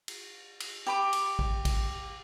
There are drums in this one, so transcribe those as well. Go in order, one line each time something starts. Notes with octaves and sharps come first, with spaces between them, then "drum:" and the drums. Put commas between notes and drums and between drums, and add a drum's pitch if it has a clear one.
drum: cymbal
drum: cymbal
G4 B5 D6
drum: cymbal
drum: kick
drum: kick, cymbal